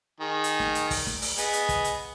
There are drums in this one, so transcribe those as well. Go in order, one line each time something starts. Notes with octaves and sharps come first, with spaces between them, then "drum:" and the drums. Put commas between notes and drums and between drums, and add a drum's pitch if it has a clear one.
D#3 G#4
drum: hi-hat
drum: snare
drum: hi-hat
drum: kick, open hi-hat
drum: snare
drum: open hi-hat
B3 G#4 D#5, drum: hi-hat
drum: hi-hat
drum: kick, hi-hat
drum: hi-hat